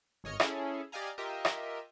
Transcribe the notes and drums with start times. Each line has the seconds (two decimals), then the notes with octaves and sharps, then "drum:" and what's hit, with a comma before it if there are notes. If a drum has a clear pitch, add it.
0.24 G#1 C#5 D#5 F6 C#7
0.40 C#4 E4 G#4 A4, drum: rim click
0.92 G4 D5 D#5 F5 G#5 A#5
1.18 F4 G4 A#4 D#5 E5
1.45 drum: rim click